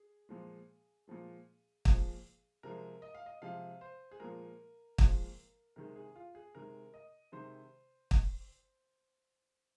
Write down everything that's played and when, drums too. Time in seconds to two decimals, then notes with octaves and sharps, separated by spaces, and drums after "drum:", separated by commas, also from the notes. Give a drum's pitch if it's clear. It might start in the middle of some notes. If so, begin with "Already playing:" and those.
Already playing: G#4
0.29 A#2 F3 G#3
1.08 A#2 F3 G#3
1.85 A#2 F3 G#3, drum: kick
2.63 C3 F3 G#3 A#4
3.02 D#5
3.15 F5
3.26 D#5
3.42 C3 F3 G#3 F5
3.81 C5
4.11 G#4
4.20 A#2 F3 G#3 A#4
4.98 A#2 F3 G#3, drum: kick
5.76 C3 D#3 G#3 A#4
5.96 G#4
6.15 F4
6.35 G#4
6.55 C3 D#3 G#3 A#4
6.94 D#5
7.32 C3 D#3 G#3 C5
8.11 drum: kick